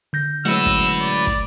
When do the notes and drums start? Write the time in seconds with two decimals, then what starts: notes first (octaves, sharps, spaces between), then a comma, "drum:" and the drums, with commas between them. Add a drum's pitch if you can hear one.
0.13 D3 G6 A#6
0.46 F#2 A2 G#3 F#4 B4 E6
0.66 drum: kick
1.01 D5
1.27 drum: kick